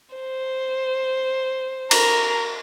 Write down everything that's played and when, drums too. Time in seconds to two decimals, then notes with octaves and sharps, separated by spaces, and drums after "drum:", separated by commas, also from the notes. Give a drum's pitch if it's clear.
0.15 C5
1.91 A#4, drum: cymbal